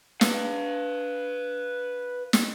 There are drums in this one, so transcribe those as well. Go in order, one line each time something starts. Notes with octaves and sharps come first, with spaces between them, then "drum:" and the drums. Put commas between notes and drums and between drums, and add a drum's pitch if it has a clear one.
B4 F5, drum: snare
drum: snare